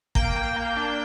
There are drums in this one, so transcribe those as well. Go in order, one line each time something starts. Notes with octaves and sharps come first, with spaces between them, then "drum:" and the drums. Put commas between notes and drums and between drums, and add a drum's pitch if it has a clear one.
A#3 G5, drum: kick G1
A#3
A#3
D4